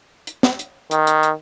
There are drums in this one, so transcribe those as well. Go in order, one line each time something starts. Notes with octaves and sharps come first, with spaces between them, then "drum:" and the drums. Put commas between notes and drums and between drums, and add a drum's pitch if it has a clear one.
drum: hi-hat
drum: snare
drum: hi-hat
D#3, drum: hi-hat
drum: hi-hat
drum: hi-hat